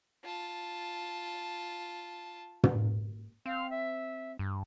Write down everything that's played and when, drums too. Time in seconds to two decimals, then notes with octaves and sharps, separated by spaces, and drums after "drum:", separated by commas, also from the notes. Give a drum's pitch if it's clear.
0.24 F4 A5
2.64 drum: tom
3.46 C4 F5
3.70 E5
4.39 G2